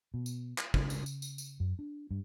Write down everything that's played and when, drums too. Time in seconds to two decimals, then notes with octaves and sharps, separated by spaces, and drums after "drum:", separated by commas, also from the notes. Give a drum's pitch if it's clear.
0.14 B2
0.26 drum: tambourine
0.58 drum: clap
0.74 C#3, drum: kick
0.90 drum: tambourine
1.06 drum: tambourine
1.22 drum: tambourine
1.38 drum: tambourine
1.60 F#2
1.79 D4
2.11 G2